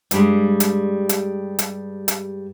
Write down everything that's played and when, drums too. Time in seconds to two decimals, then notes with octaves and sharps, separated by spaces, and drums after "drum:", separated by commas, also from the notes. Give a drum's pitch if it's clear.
0.11 G2 G3 G#3, drum: hi-hat
0.60 drum: hi-hat
1.09 drum: hi-hat
1.59 drum: hi-hat
2.08 drum: hi-hat